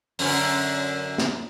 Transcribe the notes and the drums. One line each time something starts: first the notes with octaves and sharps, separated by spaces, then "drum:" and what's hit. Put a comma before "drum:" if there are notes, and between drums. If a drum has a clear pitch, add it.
F#2 D3 C#4, drum: open hi-hat
drum: snare